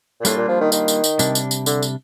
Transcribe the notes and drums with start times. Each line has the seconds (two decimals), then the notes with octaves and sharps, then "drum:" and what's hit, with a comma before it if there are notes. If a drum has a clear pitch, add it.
0.20 A#2
0.25 A2 G3 A#3 D4 F4, drum: tambourine
0.37 A#2
0.48 F3
0.61 D#3
0.72 D#3, drum: tambourine
0.88 drum: tambourine
1.04 drum: tambourine
1.19 C3 G3 D4, drum: tambourine
1.35 drum: tambourine
1.51 drum: tambourine
1.66 D3, drum: tambourine
1.82 drum: tambourine